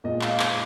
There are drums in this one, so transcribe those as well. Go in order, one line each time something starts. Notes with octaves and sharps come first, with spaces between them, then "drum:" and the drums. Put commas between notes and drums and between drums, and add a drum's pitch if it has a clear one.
A#2 G#3 D#5
F5, drum: clap
D#5
drum: clap